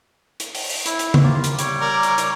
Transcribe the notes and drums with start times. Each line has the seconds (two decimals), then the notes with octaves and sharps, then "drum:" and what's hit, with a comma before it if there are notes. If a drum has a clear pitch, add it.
0.40 drum: hi-hat
0.55 drum: open hi-hat
0.70 drum: open hi-hat
0.86 E4, drum: hi-hat
0.99 drum: hi-hat
1.14 drum: tom C#3
1.23 F4 G4 A#4
1.44 drum: hi-hat
1.59 G3 C#5 D6, drum: hi-hat
1.81 A#4 D5
2.03 drum: hi-hat
2.18 drum: hi-hat